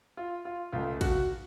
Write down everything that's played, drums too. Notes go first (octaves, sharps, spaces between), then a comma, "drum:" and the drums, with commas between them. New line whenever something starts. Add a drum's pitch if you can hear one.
F4
F4
C#2 C#3 A3 F4
F#4, drum: kick, cymbal